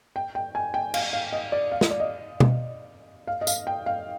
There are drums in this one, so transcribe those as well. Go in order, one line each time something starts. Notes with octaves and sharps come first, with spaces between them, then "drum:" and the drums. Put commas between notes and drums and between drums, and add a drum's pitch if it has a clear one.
G5
G5
G#5
G5
F5, drum: cymbal
F5
D#5
D5
F5
D#5, drum: snare
D5
D#5
drum: tom
F5
D#5
F5, drum: tambourine
G5
F5